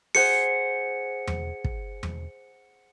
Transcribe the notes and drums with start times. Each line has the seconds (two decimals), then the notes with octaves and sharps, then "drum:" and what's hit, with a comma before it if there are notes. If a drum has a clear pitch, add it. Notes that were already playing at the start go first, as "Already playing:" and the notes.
0.15 G#4 C5 F#5 C#7, drum: open hi-hat
1.27 drum: tom E2
1.64 drum: kick
2.03 drum: tom E2